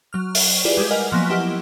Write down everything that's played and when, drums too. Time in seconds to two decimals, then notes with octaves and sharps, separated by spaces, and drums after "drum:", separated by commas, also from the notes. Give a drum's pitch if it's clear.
0.13 F#3 F6
0.35 drum: open hi-hat
0.65 E4 F4 G4 G#4 B4 D5
0.77 G3 G#3 G#4 B6
0.91 A#4 B4 D#5 F#5 G#5 F6
1.12 F3 F#3 A#3 B3
1.30 E4 G4 D#5 F#5